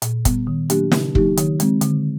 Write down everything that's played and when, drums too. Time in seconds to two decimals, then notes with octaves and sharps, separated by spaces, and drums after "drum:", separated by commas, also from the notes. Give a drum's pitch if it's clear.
0.02 A#2, drum: hi-hat
0.25 G3 B3, drum: kick, hi-hat
0.47 D#3
0.70 F#3 A#3 D4 G4, drum: hi-hat
0.92 C#3, drum: snare
1.15 F#3 A#3 D#4 G4, drum: kick
1.37 D#3, drum: hi-hat
1.60 G#3 C4, drum: hi-hat
1.81 D3, drum: hi-hat